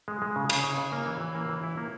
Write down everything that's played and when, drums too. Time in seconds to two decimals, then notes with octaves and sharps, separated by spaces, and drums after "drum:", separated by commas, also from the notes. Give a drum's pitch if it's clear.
0.08 G#3
0.22 G#3
0.36 C#3
0.49 C#3, drum: cymbal
0.64 C#3
0.78 C#3
0.92 A#3
1.06 E3
1.20 E3
1.35 A#3
1.49 E3
1.63 E4
1.77 A#3